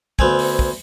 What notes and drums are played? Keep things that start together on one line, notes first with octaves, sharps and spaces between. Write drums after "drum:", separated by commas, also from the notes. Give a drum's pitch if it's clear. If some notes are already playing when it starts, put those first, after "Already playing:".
D2 B3 C4 G#5, drum: kick
drum: open hi-hat
drum: kick